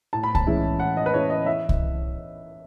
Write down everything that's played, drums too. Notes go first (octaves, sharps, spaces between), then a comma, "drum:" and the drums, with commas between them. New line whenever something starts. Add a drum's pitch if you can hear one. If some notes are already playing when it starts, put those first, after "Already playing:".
A2 A5
B5
A5, drum: kick C2
E3 G#3 C#4 E4
A2 F#5
D#5
B4
E3 G#3 C#4 E4 C#5
D#5
E3 E5
drum: kick C2